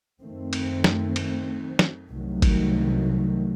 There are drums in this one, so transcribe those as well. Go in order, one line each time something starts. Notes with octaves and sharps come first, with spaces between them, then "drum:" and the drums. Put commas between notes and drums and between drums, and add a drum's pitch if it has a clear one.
F#2 D#3 A3 C4
drum: cymbal
drum: snare
drum: cymbal
drum: snare
C2 C3 D#3 F#3 A3
drum: kick G#1, cymbal